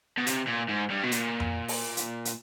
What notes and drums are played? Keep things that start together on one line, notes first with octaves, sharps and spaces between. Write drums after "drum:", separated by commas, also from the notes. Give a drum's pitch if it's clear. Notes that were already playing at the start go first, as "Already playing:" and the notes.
B2
C3, drum: hi-hat
A#2
G#2
G2
B2
A#2, drum: hi-hat
drum: tom F2
drum: open hi-hat
drum: hi-hat
drum: hi-hat